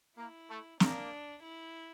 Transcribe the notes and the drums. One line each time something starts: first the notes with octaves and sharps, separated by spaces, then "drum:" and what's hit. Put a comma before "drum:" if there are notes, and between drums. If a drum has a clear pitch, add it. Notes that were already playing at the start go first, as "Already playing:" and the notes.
A#3 E4
A3
A#3 D4, drum: snare
E4